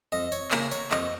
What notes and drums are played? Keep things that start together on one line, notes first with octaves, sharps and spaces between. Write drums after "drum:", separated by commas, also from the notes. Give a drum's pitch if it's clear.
F2 D#5
C#5, drum: tambourine
C#3 A#3 A#4, drum: clap
C#5, drum: tambourine
F2 D#5, drum: clap